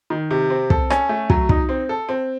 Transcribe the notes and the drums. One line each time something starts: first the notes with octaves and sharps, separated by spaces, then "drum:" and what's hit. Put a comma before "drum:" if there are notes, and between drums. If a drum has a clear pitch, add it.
D#3
C3
C4
A4, drum: kick
C#4, drum: rim click
A3
F#3, drum: kick
D#4, drum: kick
C4
A4
C4